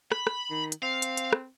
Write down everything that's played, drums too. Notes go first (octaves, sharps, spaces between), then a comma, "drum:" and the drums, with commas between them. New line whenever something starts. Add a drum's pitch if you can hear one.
B5, drum: rim click
drum: rim click
D#3
drum: hi-hat
C4 F5
drum: hi-hat
drum: hi-hat
drum: rim click